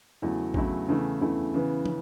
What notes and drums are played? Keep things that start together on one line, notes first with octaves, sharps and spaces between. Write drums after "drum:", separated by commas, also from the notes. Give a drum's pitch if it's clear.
E2 C#3 F#3 A3 E4
E2 C#3 F#3 A3 E4, drum: kick A1
E2 C#3 E3 A3 E4
E2 C#3 E3 A3 E4
C#3 E3 B3
C#3, drum: tom